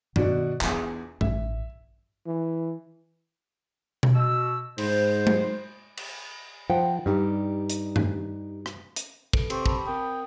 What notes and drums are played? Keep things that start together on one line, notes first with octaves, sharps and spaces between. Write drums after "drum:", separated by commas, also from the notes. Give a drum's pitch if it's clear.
B2 D#3 F#4 D5, drum: tom G2
E2 D4 F4 G#4, drum: clap
A1 E5, drum: tom G2
E3
drum: tom B2
B2 E6
G#2 C5, drum: cymbal
drum: tom G#3
drum: cymbal
F3 C5 F#5 G5
G2 G3 D#4 G4
drum: hi-hat
drum: tom G2
drum: rim click
drum: hi-hat
A4 B4 D7, drum: kick
C4 G4 C#6 D6, drum: cymbal
A5 B5, drum: kick
C4 A#4 G5 D#6